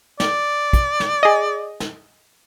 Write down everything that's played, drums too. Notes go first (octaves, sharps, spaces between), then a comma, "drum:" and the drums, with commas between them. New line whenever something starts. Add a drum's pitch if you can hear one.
D5, drum: snare
drum: kick, hi-hat
drum: snare
G#4 D#5
drum: snare